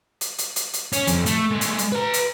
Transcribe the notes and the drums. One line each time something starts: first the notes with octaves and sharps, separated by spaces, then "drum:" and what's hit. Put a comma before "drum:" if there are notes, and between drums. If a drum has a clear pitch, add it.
drum: hi-hat
drum: hi-hat
drum: hi-hat
drum: hi-hat
C#4, drum: hi-hat
F2, drum: hi-hat
A3, drum: hi-hat
G#3 A3
drum: hi-hat
drum: hi-hat
B4 A#5
drum: hi-hat